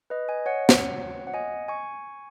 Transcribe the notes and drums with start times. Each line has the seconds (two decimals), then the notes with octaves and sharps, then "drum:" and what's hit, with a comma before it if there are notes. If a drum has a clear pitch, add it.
0.10 B4 D#5
0.28 D#5 G#5
0.46 C#5 F#5
0.69 drum: snare
1.27 F#5
1.34 D#5 G#5
1.68 G#5 C#6